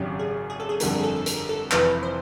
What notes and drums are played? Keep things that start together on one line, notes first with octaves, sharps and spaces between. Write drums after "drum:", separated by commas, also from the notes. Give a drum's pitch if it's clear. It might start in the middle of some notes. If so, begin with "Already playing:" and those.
Already playing: G#1 F#2 C#3 G4
G#4
G#4
A4
G#4
G1 F2 D3 G3 A#4, drum: hi-hat
G#4
A4
A4
A#4, drum: hi-hat
A4
F1 F2 C3 E3 B4, drum: clap
C5